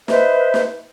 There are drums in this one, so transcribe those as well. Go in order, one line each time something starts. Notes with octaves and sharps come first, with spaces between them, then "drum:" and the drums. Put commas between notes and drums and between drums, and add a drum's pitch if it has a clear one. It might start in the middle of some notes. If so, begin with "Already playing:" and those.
B4 C5 D#5 E5, drum: snare
drum: snare